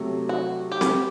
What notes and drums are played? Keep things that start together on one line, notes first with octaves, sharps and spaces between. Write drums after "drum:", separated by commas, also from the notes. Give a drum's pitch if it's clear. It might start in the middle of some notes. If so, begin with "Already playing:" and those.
Already playing: C3 F#3 A3
F#4
G4
drum: snare C4